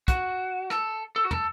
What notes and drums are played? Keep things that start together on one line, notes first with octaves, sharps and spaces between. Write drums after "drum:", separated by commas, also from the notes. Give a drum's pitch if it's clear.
F#4, drum: kick, hi-hat
A4, drum: rim click
A4
F#4
A4, drum: tom